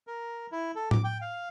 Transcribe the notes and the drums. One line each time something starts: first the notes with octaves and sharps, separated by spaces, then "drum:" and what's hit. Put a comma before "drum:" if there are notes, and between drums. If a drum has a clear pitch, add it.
A#4
E4
A4
D6, drum: tom A2
G5
F5